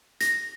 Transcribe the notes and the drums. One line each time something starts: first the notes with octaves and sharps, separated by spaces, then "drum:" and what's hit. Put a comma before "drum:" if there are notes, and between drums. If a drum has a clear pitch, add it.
A#6, drum: hi-hat